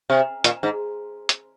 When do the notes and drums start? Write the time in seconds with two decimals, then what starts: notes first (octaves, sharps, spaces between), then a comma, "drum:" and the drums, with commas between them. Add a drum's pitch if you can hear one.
0.10 C3
0.44 A#2, drum: hi-hat
0.63 G#2
1.29 drum: hi-hat